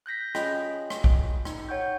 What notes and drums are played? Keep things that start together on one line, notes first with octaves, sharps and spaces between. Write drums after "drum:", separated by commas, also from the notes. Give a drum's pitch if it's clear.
F#6 G6 A#6 B6
C#4 F4 G#4 D#5 G5 B5, drum: rim click
drum: rim click
drum: kick
D#4 G5, drum: rim click
C#5 F#5 G5 C#6 G6